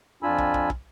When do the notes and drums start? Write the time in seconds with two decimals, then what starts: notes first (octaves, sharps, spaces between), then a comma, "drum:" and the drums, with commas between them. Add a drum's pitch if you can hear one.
0.23 F2 D4 F4 G#5 B5 E6
0.38 drum: kick
0.54 drum: kick
0.70 drum: kick